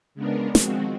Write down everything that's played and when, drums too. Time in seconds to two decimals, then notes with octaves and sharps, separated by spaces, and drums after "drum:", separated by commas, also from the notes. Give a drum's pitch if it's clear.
0.15 C#3 G#3 B3 D4 A#4
0.55 D#3 F3 G#3 C4 F#4, drum: snare